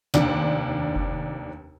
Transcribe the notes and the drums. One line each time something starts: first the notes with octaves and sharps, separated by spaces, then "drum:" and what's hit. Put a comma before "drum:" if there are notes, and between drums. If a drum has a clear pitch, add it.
F1 D#2 D4, drum: snare
drum: kick F#1